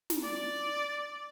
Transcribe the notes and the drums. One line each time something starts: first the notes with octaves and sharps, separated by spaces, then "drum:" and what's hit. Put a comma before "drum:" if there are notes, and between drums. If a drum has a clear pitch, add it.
drum: snare
D5